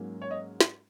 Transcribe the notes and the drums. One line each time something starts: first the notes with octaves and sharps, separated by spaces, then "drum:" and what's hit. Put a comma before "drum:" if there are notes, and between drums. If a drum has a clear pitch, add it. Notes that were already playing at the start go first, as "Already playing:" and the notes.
Already playing: G#2 F#3 A#3 C#4
C#5
D#5
drum: snare